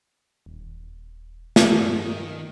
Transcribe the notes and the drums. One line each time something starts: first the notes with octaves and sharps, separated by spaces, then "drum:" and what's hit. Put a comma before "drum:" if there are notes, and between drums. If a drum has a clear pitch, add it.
D#1
drum: snare
G2 D#3